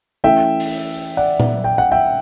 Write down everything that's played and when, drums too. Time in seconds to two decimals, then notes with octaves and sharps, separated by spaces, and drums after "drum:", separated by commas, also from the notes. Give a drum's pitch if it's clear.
0.24 E3 A3 C#4 E5 G5
0.60 drum: open hi-hat
1.17 D5 F#5
1.40 drum: tom A#2
1.64 G5
1.78 F#5
1.92 E5 G5